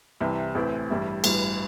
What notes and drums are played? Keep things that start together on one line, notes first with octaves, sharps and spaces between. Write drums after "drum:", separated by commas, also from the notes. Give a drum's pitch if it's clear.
C2 C3 E3
A1 A2 E3 C4 E4
A1 G2 G3 E4
A1 G2 E3 G3, drum: cymbal